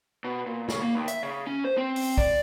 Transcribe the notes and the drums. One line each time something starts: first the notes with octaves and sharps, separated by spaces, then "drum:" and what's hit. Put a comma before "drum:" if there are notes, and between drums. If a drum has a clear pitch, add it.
B2
A#2
C#3, drum: snare
A#3
D#2
E5, drum: hi-hat
C#3
C#4
C5
C4
drum: open hi-hat
D5, drum: kick